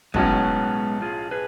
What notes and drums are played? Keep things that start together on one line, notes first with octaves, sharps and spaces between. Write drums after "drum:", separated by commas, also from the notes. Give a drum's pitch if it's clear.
B1 A2 F#3 G#3 B3 C#4, drum: kick
F4 G#4
G#4 B4